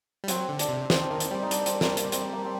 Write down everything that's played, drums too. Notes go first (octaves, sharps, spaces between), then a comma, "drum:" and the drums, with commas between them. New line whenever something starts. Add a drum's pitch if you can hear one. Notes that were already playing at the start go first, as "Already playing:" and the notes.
G3
F#3 C4, drum: hi-hat
D3
D4, drum: hi-hat
C3
D#3 C4, drum: snare
D#3 A#3
drum: hi-hat
G3 C4
D#4
D4, drum: hi-hat
C4, drum: hi-hat
A#3, drum: snare
A#3, drum: hi-hat
C4, drum: hi-hat
A#3
C4